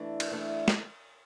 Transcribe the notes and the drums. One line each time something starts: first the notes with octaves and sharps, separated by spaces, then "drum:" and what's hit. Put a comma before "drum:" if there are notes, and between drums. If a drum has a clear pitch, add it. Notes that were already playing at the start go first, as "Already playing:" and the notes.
Already playing: E3 A3 D4
drum: cymbal
E3 A3 D4
drum: snare